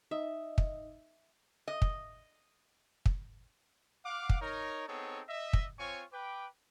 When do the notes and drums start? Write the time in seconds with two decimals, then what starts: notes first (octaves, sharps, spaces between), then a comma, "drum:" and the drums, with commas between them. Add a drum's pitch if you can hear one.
0.11 D#4 D#5 E5
0.58 drum: kick
1.68 D#5
1.82 drum: kick
3.06 drum: kick
4.06 F5 F#5 D6
4.29 drum: kick
4.41 D#4 A#4 C#5
4.88 B3 C4 D#4 G#4 A4 C#5
5.29 D#5 E5
5.53 drum: kick
5.79 C4 F4 C#5 G#5 C#6
6.13 B4 G5 D6